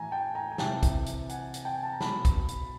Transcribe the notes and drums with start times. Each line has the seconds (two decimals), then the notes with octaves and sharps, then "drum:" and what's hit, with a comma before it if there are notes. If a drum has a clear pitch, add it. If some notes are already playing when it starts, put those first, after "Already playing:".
Already playing: A2 E3 G#5 A#5
0.11 G5 A5
0.35 G#5 A#5
0.52 G#5
0.58 C3 E3 G5 A5, drum: snare
0.83 drum: kick, hi-hat
1.06 drum: hi-hat
1.29 F#5 G#5, drum: hi-hat
1.54 drum: hi-hat
1.65 G5 A5
1.74 G#5
1.83 A5
1.92 A#5
2.01 B2 A5 B5, drum: snare
2.25 drum: kick, hi-hat
2.49 drum: hi-hat